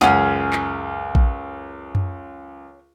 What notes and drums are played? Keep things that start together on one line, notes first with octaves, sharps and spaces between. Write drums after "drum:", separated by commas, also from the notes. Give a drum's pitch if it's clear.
C#2 F#2 C#4 G#4 F#5, drum: snare
drum: clap
drum: kick A#1
drum: tom F#2